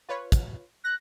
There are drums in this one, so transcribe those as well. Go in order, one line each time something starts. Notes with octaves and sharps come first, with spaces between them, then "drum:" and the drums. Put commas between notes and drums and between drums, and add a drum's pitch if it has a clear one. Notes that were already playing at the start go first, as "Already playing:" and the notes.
F4 B4 C#5
drum: kick, hi-hat
F#6 A#6